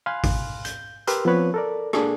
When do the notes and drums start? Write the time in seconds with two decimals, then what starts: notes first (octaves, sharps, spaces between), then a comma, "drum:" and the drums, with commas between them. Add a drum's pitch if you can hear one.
0.06 F5 G#5 B5 C6 F6 F#6
0.24 drum: kick A1, open hi-hat
0.65 G6, drum: hi-hat
1.07 G4 A#4 B4 C6 E6 F6, drum: hi-hat
1.25 F3 B3 C4 B4 C#5
1.54 A4 A#4 D5
1.93 A#3 D4 G#4 A4, drum: rim click